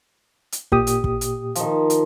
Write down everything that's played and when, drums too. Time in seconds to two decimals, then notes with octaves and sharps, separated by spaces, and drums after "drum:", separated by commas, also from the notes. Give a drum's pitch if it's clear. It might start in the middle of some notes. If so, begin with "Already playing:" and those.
0.52 drum: hi-hat
0.72 A#2 G4 D#6, drum: kick
0.87 drum: hi-hat
1.04 drum: kick
1.21 drum: hi-hat
1.55 D#3 F3, drum: hi-hat
1.90 drum: hi-hat